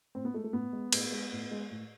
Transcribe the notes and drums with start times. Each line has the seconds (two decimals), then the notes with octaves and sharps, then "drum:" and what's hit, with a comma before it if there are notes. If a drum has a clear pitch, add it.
0.15 A2 C4
0.25 B3
0.34 G#3 A3
0.44 A3
0.53 A2 B3
0.73 G#3
0.93 A2, drum: cymbal
1.12 G#3
1.32 A2
1.51 G#3
1.71 A2